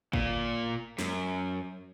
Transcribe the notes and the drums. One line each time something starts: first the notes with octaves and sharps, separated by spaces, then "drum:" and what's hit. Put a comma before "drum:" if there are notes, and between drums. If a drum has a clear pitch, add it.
A#2, drum: kick
F#2, drum: snare